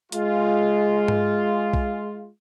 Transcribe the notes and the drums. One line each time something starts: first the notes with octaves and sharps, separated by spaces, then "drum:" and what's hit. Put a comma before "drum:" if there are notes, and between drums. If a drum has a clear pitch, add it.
G#3 F4, drum: hi-hat
drum: tom G#2
drum: kick B1